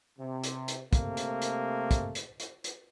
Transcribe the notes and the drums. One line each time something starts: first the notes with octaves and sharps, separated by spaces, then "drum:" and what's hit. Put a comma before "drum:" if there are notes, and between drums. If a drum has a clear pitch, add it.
C3
drum: hi-hat
drum: hi-hat
C3 A3 A#3, drum: kick, hi-hat
drum: hi-hat
drum: hi-hat
drum: kick, hi-hat
drum: hi-hat
drum: hi-hat
drum: hi-hat